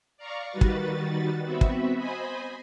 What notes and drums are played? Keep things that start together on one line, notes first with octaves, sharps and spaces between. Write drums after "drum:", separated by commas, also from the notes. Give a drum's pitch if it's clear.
D5 F5 A#5 C#6
D#3 G3 F#4 B4 A6
drum: kick
B3 C4 F#4 B4 E5
drum: kick
C5 D#5 G#5 B5